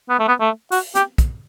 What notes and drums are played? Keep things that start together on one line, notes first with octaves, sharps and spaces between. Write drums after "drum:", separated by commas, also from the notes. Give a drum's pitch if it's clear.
B3
A3
B3
A3
F#4, drum: open hi-hat
G4, drum: hi-hat
drum: kick, hi-hat